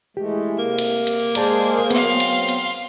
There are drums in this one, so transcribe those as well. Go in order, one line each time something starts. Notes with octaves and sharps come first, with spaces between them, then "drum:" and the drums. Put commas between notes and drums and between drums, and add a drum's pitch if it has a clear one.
E3 G#3 A3 G4
C3 A#3
drum: cymbal
drum: cymbal
G#3 G#4 A#4 C5 D5 A5, drum: cymbal
F#3 B3 C4 F5 C6, drum: cymbal
drum: cymbal
drum: cymbal